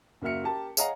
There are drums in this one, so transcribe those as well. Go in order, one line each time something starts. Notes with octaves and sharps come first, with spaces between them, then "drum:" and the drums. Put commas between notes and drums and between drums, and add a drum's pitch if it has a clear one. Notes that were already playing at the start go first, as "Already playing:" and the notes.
F#1 A#3 F#4 E5 F6 C#7
G4 A#4 A5
G#4 C#5 D#5 F5 F#5 A#5, drum: tambourine